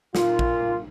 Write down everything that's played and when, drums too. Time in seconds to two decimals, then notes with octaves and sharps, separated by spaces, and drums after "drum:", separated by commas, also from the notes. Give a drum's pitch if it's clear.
0.15 A#2 F4, drum: snare
0.39 drum: kick